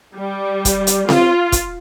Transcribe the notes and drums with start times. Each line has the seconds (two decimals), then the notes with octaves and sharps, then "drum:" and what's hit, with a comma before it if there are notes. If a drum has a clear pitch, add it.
0.16 G3
0.65 drum: kick, hi-hat
0.87 drum: hi-hat
1.09 F4, drum: snare C4
1.52 drum: kick, hi-hat